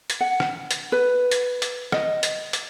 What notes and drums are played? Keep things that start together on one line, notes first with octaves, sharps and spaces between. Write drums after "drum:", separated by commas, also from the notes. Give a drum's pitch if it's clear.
drum: hi-hat
F#5
drum: rim click
drum: hi-hat
B4
drum: hi-hat
drum: hi-hat
D#5, drum: rim click
drum: hi-hat
drum: hi-hat